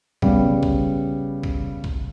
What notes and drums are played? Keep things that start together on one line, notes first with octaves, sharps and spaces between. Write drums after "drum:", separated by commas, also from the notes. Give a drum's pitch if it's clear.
C#3 G3 B3, drum: kick
drum: kick
drum: kick
drum: kick